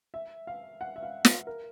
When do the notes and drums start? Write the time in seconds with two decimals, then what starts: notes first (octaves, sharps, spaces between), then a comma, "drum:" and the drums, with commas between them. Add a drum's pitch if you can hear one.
0.14 E5
0.47 F5
0.81 F#5
0.96 E5
1.03 F5
1.25 B4, drum: snare
1.47 A#4